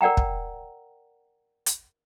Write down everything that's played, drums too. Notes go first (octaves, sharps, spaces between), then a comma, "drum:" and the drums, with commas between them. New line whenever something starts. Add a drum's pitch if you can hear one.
A#4 D5 F#5 G5 A#5
drum: kick
drum: hi-hat